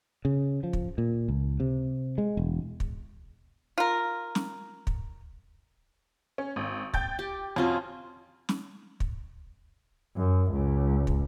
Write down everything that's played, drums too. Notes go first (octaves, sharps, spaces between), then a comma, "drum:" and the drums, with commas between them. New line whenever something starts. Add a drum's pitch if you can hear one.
C#3
F3
drum: kick
A#2
C#2
C3
G#3
E1
drum: kick
F4 A#4
drum: snare
drum: kick
C#4
G#1
G5 G6 A6, drum: kick
G4
F2 C#4 F4 F#4
drum: snare
drum: kick
F#2
C#2
drum: kick